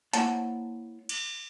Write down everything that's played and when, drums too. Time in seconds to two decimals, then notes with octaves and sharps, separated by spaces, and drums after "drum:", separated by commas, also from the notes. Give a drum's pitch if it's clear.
0.13 A#3 E4 C5 C#5 F#5 A5, drum: hi-hat
1.09 drum: cymbal